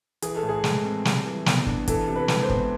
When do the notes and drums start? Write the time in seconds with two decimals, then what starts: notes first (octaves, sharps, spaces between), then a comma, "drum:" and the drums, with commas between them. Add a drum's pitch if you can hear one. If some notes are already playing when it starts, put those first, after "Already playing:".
0.22 E3 G#4, drum: hi-hat
0.35 A4
0.43 A2
0.49 G#4
0.64 G#3, drum: snare
0.84 C4
1.05 G3, drum: snare
1.26 E3
1.46 B3, drum: snare
1.66 D4, drum: kick
1.88 E3 A4, drum: kick, hi-hat
2.08 C3
2.16 B4
2.28 G#3, drum: snare
2.43 C5
2.50 B3, drum: kick